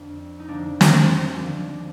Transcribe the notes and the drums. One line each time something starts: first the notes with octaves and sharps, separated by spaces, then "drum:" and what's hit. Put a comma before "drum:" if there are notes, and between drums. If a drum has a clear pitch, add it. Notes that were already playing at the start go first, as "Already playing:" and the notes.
Already playing: F2 D3 F3 D4
D#4
F2 D3 F3 D4
drum: snare
C4
D#2 D3 F3 D4